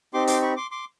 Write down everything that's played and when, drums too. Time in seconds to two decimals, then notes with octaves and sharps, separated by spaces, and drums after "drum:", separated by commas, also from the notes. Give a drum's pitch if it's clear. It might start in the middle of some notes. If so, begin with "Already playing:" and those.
0.14 C4 D#4 G4 C6 D6
0.27 C6 D6, drum: hi-hat
0.42 B5 C#6
0.56 C6 D6
0.71 C6 D6